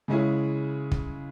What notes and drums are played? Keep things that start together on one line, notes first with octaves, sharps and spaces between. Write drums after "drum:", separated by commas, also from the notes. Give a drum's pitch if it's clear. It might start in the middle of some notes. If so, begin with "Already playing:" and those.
C#3 G#3 C#4 E4 G#4
drum: kick